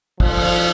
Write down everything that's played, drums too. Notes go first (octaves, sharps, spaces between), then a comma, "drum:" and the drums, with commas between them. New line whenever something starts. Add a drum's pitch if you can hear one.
F3, drum: kick, cymbal
drum: cymbal
drum: cymbal